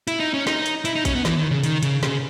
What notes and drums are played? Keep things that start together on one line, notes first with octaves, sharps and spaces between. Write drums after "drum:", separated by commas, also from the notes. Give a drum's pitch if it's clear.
E4, drum: hi-hat
D#4
C#4
D#4, drum: snare
drum: hi-hat
E4, drum: hi-hat
D#4
C#4, drum: kick, hi-hat
B3
E3, drum: snare
D#3
C#3
D#3, drum: hi-hat
C#3, drum: hi-hat
C#3, drum: snare